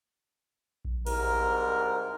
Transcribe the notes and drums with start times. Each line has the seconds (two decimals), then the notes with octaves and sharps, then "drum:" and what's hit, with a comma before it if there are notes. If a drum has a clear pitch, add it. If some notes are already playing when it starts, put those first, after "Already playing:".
0.85 drum: kick A#1
1.07 C2 G#2 A#4, drum: cymbal